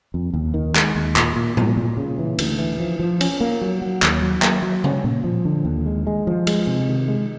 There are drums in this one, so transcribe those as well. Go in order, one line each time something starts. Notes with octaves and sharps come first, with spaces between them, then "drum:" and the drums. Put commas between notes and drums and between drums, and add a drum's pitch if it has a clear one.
F2
D#2
D#3
G#3, drum: clap
D#2
A#2, drum: clap
A#2
A#2, drum: tom A2
A#2
C#3
E3
D2, drum: cymbal
E3
F3
F3
C#4, drum: cymbal
A#3
F#3
F#3
D#2, drum: clap
F#3
A#3, drum: clap
F#3
C#4, drum: tom C#3
A#2
F3
D3
D#2
G#3
G#3
F3
G#3, drum: cymbal
C3
D#3
G#3